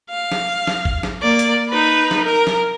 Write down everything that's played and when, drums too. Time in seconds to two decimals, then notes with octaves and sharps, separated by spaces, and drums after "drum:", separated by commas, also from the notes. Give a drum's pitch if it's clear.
0.10 F5
0.32 drum: snare
0.67 drum: snare
0.85 drum: kick G#1
1.03 drum: snare
1.21 A#3 D5
1.39 drum: hi-hat
1.69 D#4 B4
2.11 drum: snare
2.25 A#4
2.47 drum: snare